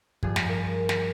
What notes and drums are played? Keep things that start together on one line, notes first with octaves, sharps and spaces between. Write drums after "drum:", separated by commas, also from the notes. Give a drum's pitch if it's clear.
G2 F3 G#4, drum: kick
drum: snare
A#4
drum: snare